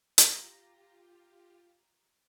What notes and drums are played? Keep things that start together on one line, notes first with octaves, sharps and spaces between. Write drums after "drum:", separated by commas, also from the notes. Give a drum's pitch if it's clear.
F4 G4 A#5 A#6, drum: hi-hat